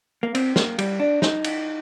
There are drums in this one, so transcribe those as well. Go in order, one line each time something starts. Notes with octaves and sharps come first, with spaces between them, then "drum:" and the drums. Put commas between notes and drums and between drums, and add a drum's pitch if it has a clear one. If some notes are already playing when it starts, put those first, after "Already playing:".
A#3
C4, drum: cymbal
A#3, drum: snare
G3, drum: cymbal
D4
D#4, drum: snare
drum: cymbal